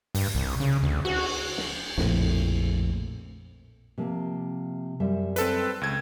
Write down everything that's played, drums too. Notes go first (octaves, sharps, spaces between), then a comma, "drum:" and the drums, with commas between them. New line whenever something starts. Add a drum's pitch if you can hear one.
G2, drum: open hi-hat
C2
C#3
D2
F#4, drum: cymbal
drum: snare
A#1 F2 A2, drum: snare
C3 F3 A#3
F#2 G3 E5
C4 A4 B4, drum: hi-hat
C#2 G#6